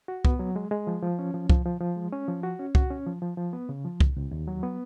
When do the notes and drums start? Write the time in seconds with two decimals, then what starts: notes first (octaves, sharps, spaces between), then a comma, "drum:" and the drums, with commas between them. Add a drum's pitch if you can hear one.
0.08 F#4
0.25 B3, drum: kick C2
0.39 F#3
0.56 G#3
0.71 G#3
0.87 F3
1.02 F3
1.19 C#4
1.34 F3
1.50 F3, drum: kick C2
1.65 F3
1.80 F3
1.96 G#3
2.13 C#4
2.28 F3
2.43 F#4
2.59 C#4
2.75 F#4, drum: kick C2
2.90 C#4
3.06 F3
3.22 F3
3.37 F3
3.53 B3
3.69 C#3
3.85 F3
4.00 C#2, drum: kick C2
4.16 C#2
4.31 D#2
4.48 F#3
4.63 B3